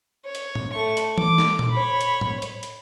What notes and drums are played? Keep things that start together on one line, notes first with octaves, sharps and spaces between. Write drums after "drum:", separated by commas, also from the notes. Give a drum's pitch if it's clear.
C#5
drum: hi-hat
drum: tom A2
A3 C#6
drum: hi-hat
D6, drum: tom E3
drum: snare
drum: tom A#2
C#5 B5
drum: hi-hat
drum: tom A2
drum: hi-hat
drum: hi-hat